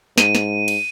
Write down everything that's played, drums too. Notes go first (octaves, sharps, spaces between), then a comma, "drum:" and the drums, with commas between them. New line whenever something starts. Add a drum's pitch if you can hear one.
G#2 D#7, drum: snare
drum: snare
drum: cymbal